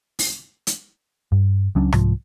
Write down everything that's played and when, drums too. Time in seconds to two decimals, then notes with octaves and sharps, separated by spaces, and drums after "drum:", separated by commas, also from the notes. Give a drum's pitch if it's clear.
0.19 drum: open hi-hat
0.67 drum: hi-hat
1.32 G2
1.75 C#2 F#3 C#4 D4
1.93 C2 G#2 F3, drum: rim click